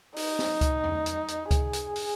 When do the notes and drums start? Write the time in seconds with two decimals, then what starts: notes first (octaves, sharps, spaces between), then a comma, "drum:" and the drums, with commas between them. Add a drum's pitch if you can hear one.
0.16 D#4, drum: open hi-hat
0.39 drum: snare
0.61 drum: kick C#2, hi-hat
0.84 drum: tom E2
1.06 drum: hi-hat
1.28 drum: hi-hat
1.51 G#4, drum: kick C#2, hi-hat
1.73 drum: hi-hat
1.96 drum: open hi-hat